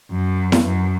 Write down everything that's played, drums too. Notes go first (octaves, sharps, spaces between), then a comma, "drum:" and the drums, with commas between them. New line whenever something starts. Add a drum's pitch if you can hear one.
F#2
drum: snare E4
F#2